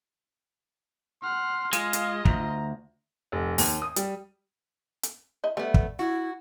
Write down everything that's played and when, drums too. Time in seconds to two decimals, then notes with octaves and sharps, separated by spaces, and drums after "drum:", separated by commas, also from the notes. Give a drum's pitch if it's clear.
1.23 F#5 C6 F6
1.73 G#3 F4 D#5 F5, drum: hi-hat
1.93 drum: hi-hat
2.25 D2 A#5, drum: kick
3.32 F1
3.58 D#2, drum: open hi-hat
3.82 D#6
3.96 G3, drum: hi-hat
5.03 drum: hi-hat
5.44 E4 D#5
5.57 G3 A3 B3
5.74 drum: kick
5.99 E4 F#4